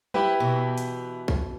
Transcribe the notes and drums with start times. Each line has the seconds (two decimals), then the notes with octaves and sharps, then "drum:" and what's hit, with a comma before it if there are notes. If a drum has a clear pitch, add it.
0.14 E4 G4 B4, drum: tom F#3
0.40 B2 E3
0.78 drum: hi-hat
1.28 drum: kick